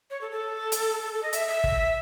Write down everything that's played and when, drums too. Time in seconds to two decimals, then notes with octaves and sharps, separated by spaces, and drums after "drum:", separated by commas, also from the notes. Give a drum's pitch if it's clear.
0.10 C#5
0.21 A4
0.32 A4
0.72 drum: hi-hat
1.02 A4
1.13 A4
1.23 D#5
1.33 E5, drum: hi-hat
1.48 E5
1.64 drum: kick